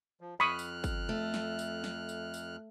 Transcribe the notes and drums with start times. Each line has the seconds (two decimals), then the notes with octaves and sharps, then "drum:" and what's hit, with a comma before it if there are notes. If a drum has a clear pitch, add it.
0.21 F3
0.40 F2 B5 C#6 D#6 F6 F#6
0.59 drum: tambourine
0.84 drum: kick, tambourine
1.09 A3
1.34 drum: snare
1.59 drum: tambourine
1.84 drum: snare
2.09 drum: tambourine
2.34 drum: tambourine